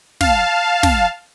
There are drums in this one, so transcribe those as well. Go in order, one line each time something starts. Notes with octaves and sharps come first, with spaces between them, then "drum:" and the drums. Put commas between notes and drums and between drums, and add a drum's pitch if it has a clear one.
F5 A5, drum: snare
drum: snare